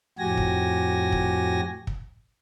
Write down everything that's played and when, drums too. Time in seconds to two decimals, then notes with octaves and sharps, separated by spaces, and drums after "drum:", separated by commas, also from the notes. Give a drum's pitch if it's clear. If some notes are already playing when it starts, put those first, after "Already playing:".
0.19 F2 A2 F#4 G4 G#5 A#6
0.37 drum: kick
1.12 drum: kick
1.87 drum: kick